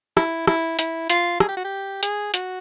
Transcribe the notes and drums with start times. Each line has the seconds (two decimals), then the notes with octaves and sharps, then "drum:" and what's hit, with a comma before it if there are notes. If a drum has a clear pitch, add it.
0.17 E4, drum: rim click
0.47 E4, drum: rim click
0.79 E4, drum: hi-hat
1.10 F4, drum: hi-hat
1.40 G#4, drum: rim click
1.49 G4
1.57 F#4
1.65 G4
2.03 G#4, drum: hi-hat
2.34 F#4, drum: hi-hat